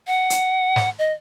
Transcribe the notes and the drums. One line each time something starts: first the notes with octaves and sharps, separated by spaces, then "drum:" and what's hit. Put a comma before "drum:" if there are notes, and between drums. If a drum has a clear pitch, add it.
F#5
drum: hi-hat
drum: snare
D#5